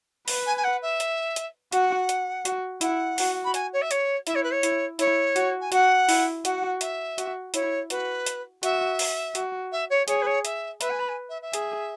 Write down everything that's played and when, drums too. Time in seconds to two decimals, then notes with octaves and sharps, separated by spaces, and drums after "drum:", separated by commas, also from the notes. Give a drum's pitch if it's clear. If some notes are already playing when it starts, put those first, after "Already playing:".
0.28 B4, drum: open hi-hat
0.46 G#5
0.57 G#5
0.64 F#5
0.82 E5
1.00 drum: hi-hat
1.36 drum: hi-hat
1.72 F#4 F#5, drum: hi-hat
2.09 drum: hi-hat
2.45 F#4, drum: hi-hat
2.81 E4 F#5, drum: hi-hat
3.18 F#4, drum: open hi-hat
3.44 B5
3.54 G#5, drum: hi-hat
3.73 C#5
3.81 E5
3.91 C#5, drum: hi-hat
4.27 E4 E5, drum: hi-hat
4.35 C#5
4.43 B4
4.51 C#5
4.63 E4, drum: hi-hat
4.99 E4 C#5, drum: hi-hat
5.36 F#4, drum: hi-hat
5.60 G#5
5.72 F#4 F#5, drum: hi-hat
6.09 E4, drum: open hi-hat
6.45 F#4 F#5, drum: hi-hat
6.81 E5, drum: hi-hat
7.18 F#4, drum: hi-hat
7.54 E4 C#5, drum: hi-hat
7.90 F#4 B4, drum: hi-hat
8.26 drum: hi-hat
8.63 F#4 E5, drum: hi-hat
8.99 drum: open hi-hat
9.35 F#4, drum: hi-hat
9.72 E5
9.90 C#5
10.08 G#4 C#5, drum: hi-hat
10.22 B4
10.26 C#5
10.45 E5, drum: hi-hat
10.81 B4 E5, drum: hi-hat
10.90 G#5
10.99 B5
11.08 G#5
11.29 E5
11.42 E5
11.53 G#4, drum: hi-hat